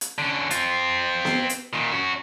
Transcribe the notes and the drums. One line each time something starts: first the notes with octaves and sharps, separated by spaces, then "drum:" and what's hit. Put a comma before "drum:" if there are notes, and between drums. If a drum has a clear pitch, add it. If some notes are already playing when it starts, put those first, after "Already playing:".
drum: hi-hat
D3 C#4
C4 F4, drum: hi-hat
drum: snare B3
drum: hi-hat
A#2 D#3
C#4 F#4